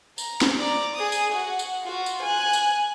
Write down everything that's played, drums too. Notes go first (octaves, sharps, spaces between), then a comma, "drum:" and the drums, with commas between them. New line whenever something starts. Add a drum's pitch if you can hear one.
A#5, drum: tambourine
drum: snare
D5 A#5
G#4 D#6
drum: tambourine
F#4 F#5
drum: tambourine
F4 F#4
drum: tambourine
G#5 F#6
drum: tambourine